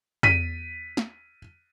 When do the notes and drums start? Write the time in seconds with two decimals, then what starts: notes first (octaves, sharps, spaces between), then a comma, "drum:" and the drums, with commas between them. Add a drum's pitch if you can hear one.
0.23 B6 D#7, drum: tom
0.97 drum: snare